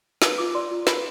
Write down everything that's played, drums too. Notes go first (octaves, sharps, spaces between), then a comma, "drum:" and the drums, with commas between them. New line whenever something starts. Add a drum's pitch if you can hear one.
B4 E6, drum: snare
F4 D6
D5 C6
F4
B4 B5, drum: snare